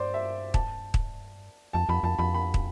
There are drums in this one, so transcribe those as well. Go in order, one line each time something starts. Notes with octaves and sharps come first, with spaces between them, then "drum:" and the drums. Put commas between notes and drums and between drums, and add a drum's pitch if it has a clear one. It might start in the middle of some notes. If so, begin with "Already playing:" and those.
Already playing: G2 C5 D5
E5
A5, drum: kick
drum: kick
F2 A5
F2 B5
F2 A5
F2 B5
B5
drum: kick